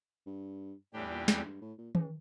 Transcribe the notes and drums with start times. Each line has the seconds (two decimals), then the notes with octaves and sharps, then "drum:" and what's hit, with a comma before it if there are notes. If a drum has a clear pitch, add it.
0.26 G2
0.93 E2 A2 E3 G3 D4 G4
1.11 A#2
1.28 F2, drum: snare
1.45 G2
1.61 A2
1.78 A#2
1.95 C#3, drum: tom D#3